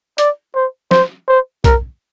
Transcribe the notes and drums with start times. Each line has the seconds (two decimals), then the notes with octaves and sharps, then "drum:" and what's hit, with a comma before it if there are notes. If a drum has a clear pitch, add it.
0.18 D5, drum: hi-hat
0.55 C5
0.91 C5, drum: snare
1.28 C5
1.64 A#4, drum: kick B1, hi-hat